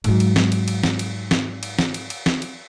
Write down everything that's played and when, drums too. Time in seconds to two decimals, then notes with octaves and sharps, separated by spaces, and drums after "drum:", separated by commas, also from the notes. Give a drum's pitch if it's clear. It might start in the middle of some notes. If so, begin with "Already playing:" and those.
0.04 G#2 F#3, drum: cymbal
0.20 drum: cymbal
0.36 drum: snare
0.52 drum: cymbal
0.68 drum: cymbal
0.83 drum: snare
0.99 drum: cymbal
1.31 drum: snare
1.63 drum: cymbal
1.79 drum: snare
1.94 drum: cymbal
2.10 drum: cymbal
2.26 drum: snare
2.42 drum: cymbal